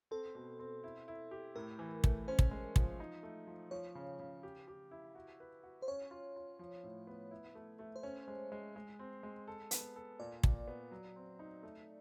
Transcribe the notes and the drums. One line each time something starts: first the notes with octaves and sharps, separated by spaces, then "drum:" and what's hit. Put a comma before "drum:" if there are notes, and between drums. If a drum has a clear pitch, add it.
C4 A4
B2
C4
E4
E4
G4
A2 A#4
E3
A3, drum: kick
C#4 C5
drum: kick
G#3
F3, drum: kick
D#4
A3
F3
F3 C#5
C#3
C#3
G4
G4
E4
F#4
B4
F#4
C5
C#4 C#5
F4
F4
F3
A2
B3
E4
A3
A3
C5
C#4 C#5
G#3
G#3
G#3
C4
G#3
A4
B3, drum: hi-hat
A4
A#2 D5
A#2, drum: kick
B3
F#3
C4
D#4
A3